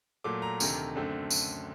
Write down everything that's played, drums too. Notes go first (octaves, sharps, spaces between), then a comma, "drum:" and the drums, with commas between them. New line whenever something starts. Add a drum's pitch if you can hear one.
A#2 F#3 A3 D6
A#5
D2 C3 D#3 A3, drum: tambourine
F#2 D3 A3 C4
drum: tambourine